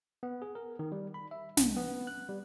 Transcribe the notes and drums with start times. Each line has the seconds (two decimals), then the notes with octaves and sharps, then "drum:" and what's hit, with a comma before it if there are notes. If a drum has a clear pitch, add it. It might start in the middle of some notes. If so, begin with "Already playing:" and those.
0.23 B3
0.42 G#4
0.55 A#4
0.79 D#3
0.92 G3
1.14 B5
1.31 E5
1.57 C2, drum: snare
1.76 B3
2.07 F#6
2.29 G3